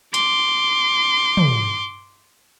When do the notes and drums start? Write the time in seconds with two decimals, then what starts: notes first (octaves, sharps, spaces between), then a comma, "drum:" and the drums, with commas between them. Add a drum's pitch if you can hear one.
0.14 C6 D6, drum: hi-hat
1.37 drum: tom